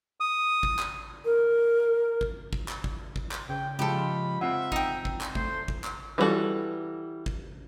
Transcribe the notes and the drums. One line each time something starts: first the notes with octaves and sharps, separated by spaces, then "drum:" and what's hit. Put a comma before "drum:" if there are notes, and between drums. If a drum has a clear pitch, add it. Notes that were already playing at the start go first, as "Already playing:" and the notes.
D#6
drum: kick
drum: clap
A#4
drum: kick
drum: kick
drum: clap
drum: kick
drum: kick
drum: clap
C#3 G5
C#3 F3 G#3 F4 G4 A4 B5
C4 F4 E5 F#5 G#5
D#4 G5, drum: kick
drum: kick
drum: clap
A3 C5, drum: kick
drum: kick
drum: clap
E3 G3 C4 F#4 A4
drum: kick